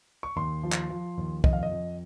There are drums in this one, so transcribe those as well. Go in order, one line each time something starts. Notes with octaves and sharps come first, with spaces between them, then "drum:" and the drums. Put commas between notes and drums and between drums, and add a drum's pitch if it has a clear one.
C#6
D#2 C6
F3
drum: clap
F3
D#2
F2 D#5, drum: kick
F5
D#5
F2